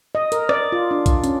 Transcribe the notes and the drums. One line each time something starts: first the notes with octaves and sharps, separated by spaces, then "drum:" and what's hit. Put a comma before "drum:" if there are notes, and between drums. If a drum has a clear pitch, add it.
D#5
A#4, drum: hi-hat
D5, drum: rim click
F4
D4
drum: kick A#1, hi-hat
C#4, drum: hi-hat